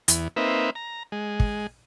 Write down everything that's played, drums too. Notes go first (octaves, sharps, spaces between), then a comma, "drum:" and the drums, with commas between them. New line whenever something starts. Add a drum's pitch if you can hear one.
E2, drum: hi-hat
A#3 C4 D#4 B4 E5
A#5
G#3
drum: kick